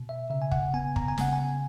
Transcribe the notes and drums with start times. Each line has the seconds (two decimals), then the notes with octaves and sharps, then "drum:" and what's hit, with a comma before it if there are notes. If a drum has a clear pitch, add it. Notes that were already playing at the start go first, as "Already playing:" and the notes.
Already playing: B2
0.09 E5
0.30 C#3 E5
0.42 G#5
0.51 F#5, drum: kick
0.74 B3 G#5
0.96 A#5, drum: kick
1.08 G#5
1.18 C#3 F#5, drum: snare
1.33 G#5